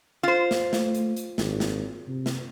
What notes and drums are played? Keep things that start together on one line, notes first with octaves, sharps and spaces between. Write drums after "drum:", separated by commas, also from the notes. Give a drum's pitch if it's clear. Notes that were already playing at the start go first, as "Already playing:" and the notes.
F4 C5
drum: snare
A3, drum: snare
drum: hi-hat
drum: hi-hat
G#1, drum: snare
drum: snare
C3
drum: snare